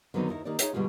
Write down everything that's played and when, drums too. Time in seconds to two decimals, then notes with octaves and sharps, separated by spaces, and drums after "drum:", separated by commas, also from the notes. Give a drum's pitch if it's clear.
0.14 D3 D#3 F#3 B3 C4 D#4
0.28 D#2 D#4 E4 A#4
0.45 D#3 A#3 D#4 G4 D5
0.59 D#4 G#4 C#5 E5, drum: hi-hat
0.73 B2 D3 E3 G3 G#3 F4